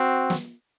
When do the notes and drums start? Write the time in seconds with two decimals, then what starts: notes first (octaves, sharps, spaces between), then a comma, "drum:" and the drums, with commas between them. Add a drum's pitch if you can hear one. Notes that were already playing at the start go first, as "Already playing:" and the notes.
Already playing: C4 F#4
0.30 drum: snare